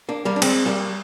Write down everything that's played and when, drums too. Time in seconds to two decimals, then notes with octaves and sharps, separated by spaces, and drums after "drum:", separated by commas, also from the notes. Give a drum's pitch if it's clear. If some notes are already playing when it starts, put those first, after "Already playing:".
0.09 A#3 D4
0.25 G3 A#3
0.36 D4
0.42 G#3 C4, drum: cymbal
0.66 G3 A#3